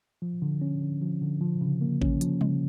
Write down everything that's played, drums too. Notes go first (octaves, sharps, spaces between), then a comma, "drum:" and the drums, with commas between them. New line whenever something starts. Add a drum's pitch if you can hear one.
F3
D3
C#4
D3
F3
D3
F3
C#3
A#3
C#4, drum: kick A1
F3, drum: hi-hat
C#3, drum: tom G3